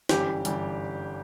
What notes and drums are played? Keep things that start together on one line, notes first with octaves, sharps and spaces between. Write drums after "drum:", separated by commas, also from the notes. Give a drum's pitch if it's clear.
G1 F#2 E3 G3 G4, drum: snare
G1 F#2 E3 G3, drum: hi-hat